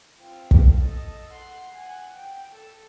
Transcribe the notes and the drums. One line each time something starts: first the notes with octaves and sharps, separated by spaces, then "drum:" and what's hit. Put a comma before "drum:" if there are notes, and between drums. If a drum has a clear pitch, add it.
C4 F4
drum: kick
A4 D#5
F#5 C6
F#5 G#5
G5
A4